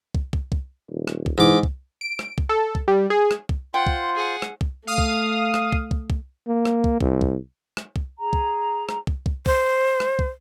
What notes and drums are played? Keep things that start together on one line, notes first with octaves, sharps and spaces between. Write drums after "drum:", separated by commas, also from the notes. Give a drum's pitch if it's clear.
drum: kick
drum: kick
drum: kick
D#1
drum: rim click
drum: kick
G#2 E3 D6
drum: kick
D7
drum: rim click
drum: kick
A4
drum: kick
G3
G#4
drum: rim click
drum: kick
F4 C5 F#5 G5
drum: kick
G#4 F#5
drum: rim click
drum: kick
A3 F5 D#6
drum: kick
drum: rim click
drum: kick
drum: kick
drum: kick
A#3
drum: rim click
drum: kick
C2, drum: kick
drum: kick
drum: rim click
drum: kick
G#4 A#5
drum: kick
drum: rim click
drum: kick
drum: kick
C5, drum: kick
drum: rim click
drum: kick